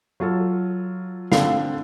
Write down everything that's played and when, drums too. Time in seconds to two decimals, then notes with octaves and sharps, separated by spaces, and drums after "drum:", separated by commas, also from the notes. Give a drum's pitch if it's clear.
0.20 F#3 F4 A4
1.32 D3 C4 D4 F5, drum: snare